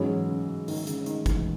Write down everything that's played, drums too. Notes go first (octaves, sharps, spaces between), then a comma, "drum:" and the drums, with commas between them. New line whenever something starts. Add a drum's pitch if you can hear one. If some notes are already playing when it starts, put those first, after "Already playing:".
Already playing: G#2 E3 F#3 C#4 G#4
C#3
D#3, drum: open hi-hat
C#3, drum: hi-hat
D#3, drum: hi-hat
E3, drum: kick G#1, hi-hat